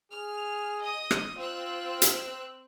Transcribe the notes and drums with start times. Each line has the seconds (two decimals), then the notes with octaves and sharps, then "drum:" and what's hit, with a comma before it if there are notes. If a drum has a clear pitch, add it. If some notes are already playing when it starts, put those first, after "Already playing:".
0.12 G#4 F6
0.80 D#5 D#6
1.11 drum: rim click
1.37 C4 F4 E6 F#6
2.02 drum: hi-hat